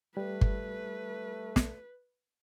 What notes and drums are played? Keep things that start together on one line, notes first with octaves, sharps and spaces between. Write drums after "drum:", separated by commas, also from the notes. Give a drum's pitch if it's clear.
G3 A3 B4
drum: kick G1
drum: snare